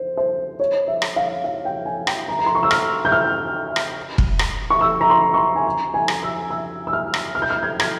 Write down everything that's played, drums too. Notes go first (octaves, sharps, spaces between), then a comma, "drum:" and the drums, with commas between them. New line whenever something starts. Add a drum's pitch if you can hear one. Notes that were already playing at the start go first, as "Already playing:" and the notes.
Already playing: C5
C5
C#5
E5
drum: rim click
F5
F5
G5
G#5
G5, drum: rim click
A#5
A#5
C6
C#6
E6
F6, drum: rim click
G6
F6
drum: rim click
drum: kick F1
drum: rim click
C#6
E6
A#5
C6
C#6
C6
G#5
A#5
G#5
drum: rim click
E6
E6
E6
F6
drum: rim click
F6
G6
F6
G#6
G#6, drum: rim click